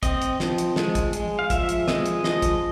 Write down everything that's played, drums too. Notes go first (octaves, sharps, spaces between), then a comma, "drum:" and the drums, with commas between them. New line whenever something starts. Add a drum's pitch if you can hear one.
C4 D#5, drum: kick, hi-hat
drum: hi-hat
F3, drum: snare
drum: hi-hat
G#3, drum: snare
drum: kick, hi-hat
G#3, drum: hi-hat
F5
F3 E5, drum: kick, hi-hat
drum: hi-hat
G#3 D#5, drum: snare
drum: hi-hat
F3 D#5, drum: snare
drum: kick, hi-hat